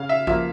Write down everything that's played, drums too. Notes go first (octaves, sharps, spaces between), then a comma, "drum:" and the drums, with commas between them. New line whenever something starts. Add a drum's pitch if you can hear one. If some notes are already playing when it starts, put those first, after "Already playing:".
Already playing: C#3 F5
E5
F3 A#3 E5, drum: kick A1